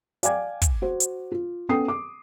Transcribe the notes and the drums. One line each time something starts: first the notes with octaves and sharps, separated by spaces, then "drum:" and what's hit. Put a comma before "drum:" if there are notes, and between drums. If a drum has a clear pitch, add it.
D5 F5 G5 G#5 D6 G#6, drum: hi-hat
drum: kick, hi-hat
F#4 C5
drum: hi-hat
F4
B3 C#4 A4 G5 D#6 C7
D6